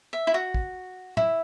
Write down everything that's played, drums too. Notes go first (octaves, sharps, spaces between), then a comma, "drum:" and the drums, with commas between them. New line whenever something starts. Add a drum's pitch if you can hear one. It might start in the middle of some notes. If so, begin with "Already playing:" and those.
E5
E4
F#4
drum: kick
E4, drum: tom